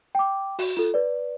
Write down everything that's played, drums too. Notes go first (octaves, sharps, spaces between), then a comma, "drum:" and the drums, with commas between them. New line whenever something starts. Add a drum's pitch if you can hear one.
G5 D6
F#4, drum: open hi-hat
F4 A4
B4 D5